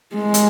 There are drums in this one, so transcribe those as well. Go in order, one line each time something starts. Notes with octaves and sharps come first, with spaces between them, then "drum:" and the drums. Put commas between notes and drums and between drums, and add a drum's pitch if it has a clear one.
G#3
drum: hi-hat